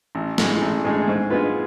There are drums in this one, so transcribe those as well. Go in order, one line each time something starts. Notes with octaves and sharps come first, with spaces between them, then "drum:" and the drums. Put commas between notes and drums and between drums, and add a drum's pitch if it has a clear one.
A1
A2, drum: snare
G#3
A1
A2 G#3
G#2
G#3 B3 F4 B4